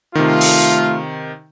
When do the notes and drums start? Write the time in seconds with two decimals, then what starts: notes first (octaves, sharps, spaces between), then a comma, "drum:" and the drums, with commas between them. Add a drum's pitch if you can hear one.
0.15 C3 D#3 A3 F4
0.41 drum: open hi-hat